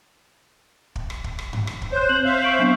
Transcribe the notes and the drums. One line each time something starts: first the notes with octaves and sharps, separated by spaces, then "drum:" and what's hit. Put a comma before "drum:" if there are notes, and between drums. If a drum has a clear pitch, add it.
drum: kick
drum: rim click
drum: kick
drum: rim click
drum: tom G2
drum: rim click
drum: kick
C5 C#5 F#6
C4 F#7
C5 E5 F5
C#6 D7 F#7
F#3 B3 D4